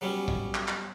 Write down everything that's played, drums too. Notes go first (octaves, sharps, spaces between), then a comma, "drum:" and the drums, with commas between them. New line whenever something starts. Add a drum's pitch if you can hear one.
F#3 G3 B3 C#4
drum: kick
drum: clap
drum: clap